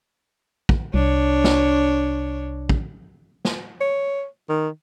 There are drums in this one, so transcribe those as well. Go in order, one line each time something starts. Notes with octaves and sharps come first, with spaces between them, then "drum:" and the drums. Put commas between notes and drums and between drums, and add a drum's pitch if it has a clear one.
drum: kick
C2 D4 C#5
drum: snare
drum: kick
drum: snare
C#5
D#3